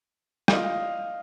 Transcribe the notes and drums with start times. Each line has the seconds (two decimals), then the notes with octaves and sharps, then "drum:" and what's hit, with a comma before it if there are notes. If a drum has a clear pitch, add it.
0.48 D#5 F5, drum: rim click